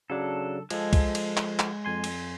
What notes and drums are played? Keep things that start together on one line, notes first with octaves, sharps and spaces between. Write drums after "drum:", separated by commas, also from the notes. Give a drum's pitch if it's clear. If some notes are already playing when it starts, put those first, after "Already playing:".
C#3 F#3 D4 A4
F3 G#3 A4, drum: cymbal
drum: kick, cymbal
drum: cymbal
drum: clap
drum: clap
F2 G#5 C6
drum: cymbal